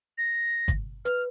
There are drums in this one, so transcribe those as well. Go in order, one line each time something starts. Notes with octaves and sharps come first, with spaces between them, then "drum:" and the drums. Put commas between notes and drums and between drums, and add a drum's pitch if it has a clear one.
A#6
drum: kick, hi-hat
B4 F6, drum: hi-hat